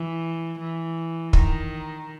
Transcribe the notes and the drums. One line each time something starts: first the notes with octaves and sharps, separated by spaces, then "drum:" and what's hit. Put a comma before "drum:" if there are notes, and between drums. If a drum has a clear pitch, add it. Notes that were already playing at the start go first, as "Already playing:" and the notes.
Already playing: E3
E3
D#3, drum: kick